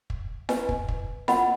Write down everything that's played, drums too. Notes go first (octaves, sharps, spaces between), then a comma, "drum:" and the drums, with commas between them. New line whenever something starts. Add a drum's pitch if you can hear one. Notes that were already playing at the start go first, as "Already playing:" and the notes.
drum: kick
B4 D#5 G#5, drum: snare E4
drum: kick
drum: kick
F4 A#4 D#5 F#5 B5, drum: snare E4